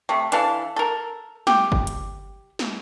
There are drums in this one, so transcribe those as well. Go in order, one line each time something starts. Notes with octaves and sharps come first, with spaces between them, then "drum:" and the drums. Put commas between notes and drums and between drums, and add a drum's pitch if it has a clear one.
C3 A3
E3 D4 A4 F5, drum: hi-hat
A4 A#4
G4, drum: snare
drum: kick G1
drum: hi-hat
drum: snare